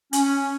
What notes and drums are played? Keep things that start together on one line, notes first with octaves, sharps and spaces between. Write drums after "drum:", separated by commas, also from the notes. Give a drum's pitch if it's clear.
C#4, drum: hi-hat